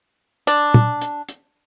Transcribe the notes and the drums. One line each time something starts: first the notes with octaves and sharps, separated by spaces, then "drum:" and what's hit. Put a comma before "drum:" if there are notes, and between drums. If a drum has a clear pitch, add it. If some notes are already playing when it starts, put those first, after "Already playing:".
D4, drum: hi-hat
drum: tom
drum: hi-hat
drum: hi-hat